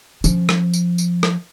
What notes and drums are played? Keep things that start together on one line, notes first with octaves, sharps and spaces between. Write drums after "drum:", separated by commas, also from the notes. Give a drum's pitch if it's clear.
F3 C#4, drum: tambourine
drum: rim click
drum: tambourine
drum: tambourine
drum: rim click